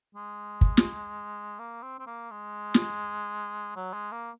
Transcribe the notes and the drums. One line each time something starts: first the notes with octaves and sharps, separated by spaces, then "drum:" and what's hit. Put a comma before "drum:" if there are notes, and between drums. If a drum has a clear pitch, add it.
G#3
drum: kick
drum: snare
A#3
C4
C4
A#3
G#3
drum: snare
F#3
G#3
A#3